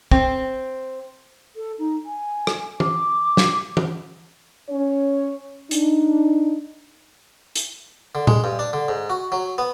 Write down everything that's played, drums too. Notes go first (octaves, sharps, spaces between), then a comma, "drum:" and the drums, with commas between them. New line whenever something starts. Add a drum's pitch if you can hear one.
C4, drum: kick
A4
D#4
G#5
drum: rim click
D6, drum: tom
drum: snare
drum: tom
C#4 C#5
D4 D#4, drum: hi-hat
drum: hi-hat
D3
G#3, drum: tom A#2
G2
D4
D3
G#2
F#4
F#3
B3